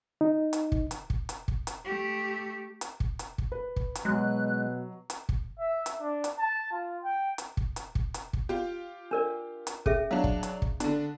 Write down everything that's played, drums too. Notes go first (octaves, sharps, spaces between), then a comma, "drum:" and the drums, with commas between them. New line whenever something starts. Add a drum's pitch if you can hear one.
D#4
drum: hi-hat
drum: kick
drum: hi-hat
drum: kick
drum: hi-hat
drum: kick
drum: hi-hat
A3 G4
drum: hi-hat
drum: kick
drum: hi-hat
drum: kick
B4
drum: kick
drum: hi-hat
B2 F#3 G#3 F#6
drum: hi-hat
drum: kick
E5
drum: hi-hat
D4
drum: hi-hat
A5
F4
G5
drum: hi-hat
drum: kick
drum: hi-hat
drum: kick
drum: hi-hat
drum: kick
F4 G4
D4 A#4 D5
drum: hi-hat
C#4 G#4 E5, drum: kick
F#3 D4 F5
drum: kick
drum: hi-hat
drum: kick
D3 D4, drum: hi-hat